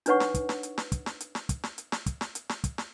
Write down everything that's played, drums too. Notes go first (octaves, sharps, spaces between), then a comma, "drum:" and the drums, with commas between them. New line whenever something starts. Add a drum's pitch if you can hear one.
D4 D#4 B4 C#5 F#5 C#6, drum: hi-hat
drum: snare
drum: kick, hi-hat
drum: snare
drum: hi-hat
drum: snare
drum: kick, hi-hat
drum: snare
drum: hi-hat
drum: snare
drum: kick, hi-hat
drum: snare
drum: hi-hat
drum: snare
drum: kick, hi-hat
drum: snare
drum: hi-hat
drum: snare
drum: kick, hi-hat
drum: snare